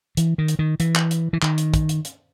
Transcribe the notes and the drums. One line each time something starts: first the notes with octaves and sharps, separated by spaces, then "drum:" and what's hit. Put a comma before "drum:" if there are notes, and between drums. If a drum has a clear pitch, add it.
E3, drum: hi-hat
D#3
drum: hi-hat
D#3
E3, drum: hi-hat
drum: clap
drum: hi-hat
E3
D#3, drum: clap
drum: hi-hat
drum: kick, hi-hat
drum: hi-hat
drum: hi-hat